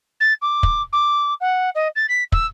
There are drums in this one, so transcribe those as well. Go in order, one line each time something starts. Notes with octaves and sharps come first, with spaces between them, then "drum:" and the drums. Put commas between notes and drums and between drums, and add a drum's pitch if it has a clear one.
A6
D6
drum: kick
D6
F#5
D#5
A6
B6
E6, drum: kick